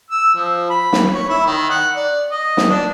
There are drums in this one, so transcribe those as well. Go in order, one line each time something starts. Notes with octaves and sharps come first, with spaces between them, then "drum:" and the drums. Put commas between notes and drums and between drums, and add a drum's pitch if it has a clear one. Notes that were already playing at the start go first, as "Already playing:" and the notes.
E6
F3
B5
drum: snare
C#5
E4
D#3
F#5
D5
D#5
drum: snare
D4